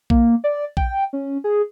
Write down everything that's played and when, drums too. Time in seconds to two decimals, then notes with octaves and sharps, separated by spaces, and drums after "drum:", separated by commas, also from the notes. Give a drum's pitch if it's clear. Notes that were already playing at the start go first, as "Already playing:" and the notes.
0.10 A#3, drum: kick A#1
0.44 D5
0.77 G5, drum: kick A#1
1.13 C#4
1.44 G#4